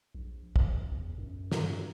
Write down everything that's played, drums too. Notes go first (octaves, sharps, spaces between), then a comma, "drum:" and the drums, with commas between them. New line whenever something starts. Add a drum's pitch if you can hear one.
A#1
F1, drum: kick
A1
E2
F#2
G2, drum: snare